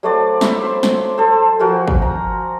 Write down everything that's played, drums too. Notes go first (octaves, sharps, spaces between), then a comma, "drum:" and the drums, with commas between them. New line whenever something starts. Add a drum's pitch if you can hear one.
F#3 A3 C5 D5
D5 E5 B5 C#6, drum: snare
C5 C6
drum: snare
A4 C5
F3 F#4 A#4 G#5
drum: kick
A#5